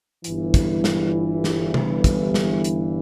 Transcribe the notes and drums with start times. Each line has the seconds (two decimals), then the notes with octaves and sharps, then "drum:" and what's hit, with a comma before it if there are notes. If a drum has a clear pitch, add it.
0.24 G1 G2 E3, drum: hi-hat
0.54 drum: kick, hi-hat
0.84 drum: snare
1.44 drum: snare
1.74 drum: tom C3
2.04 drum: kick, hi-hat
2.34 drum: snare
2.64 drum: hi-hat